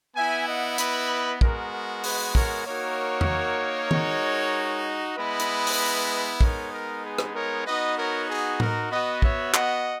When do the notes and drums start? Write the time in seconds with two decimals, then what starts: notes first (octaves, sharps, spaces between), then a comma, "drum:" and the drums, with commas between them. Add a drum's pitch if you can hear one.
0.15 B3 E4 E5 G#5
0.47 D#5 F#5
0.78 B4 D#5, drum: hi-hat
1.41 G#3 B3 F#4 A#4, drum: kick
1.72 A#4
2.04 G#4 B4, drum: open hi-hat
2.35 A#4 C#5, drum: kick
2.66 A#3 D#4 F#4 A#4 C#5
3.21 drum: tom E2
3.91 G#3 D#4 F#4, drum: tom
5.16 G#3 B3 E4 B4 D#5
5.40 drum: hi-hat
5.67 drum: open hi-hat
6.41 G#3 B3 D#4 A#4 C#5, drum: kick
6.72 A#4
7.04 G#4 B4
7.18 drum: rim click
7.34 A#4 C#5
7.66 B3 D#4 F#4 B4 D#5
7.98 A#4 C#5
8.29 G#4
8.60 A#4, drum: tom A2
8.91 B3 F#4 B4 D#5
9.22 C#5 E5, drum: kick
9.54 D#5 F#5, drum: clap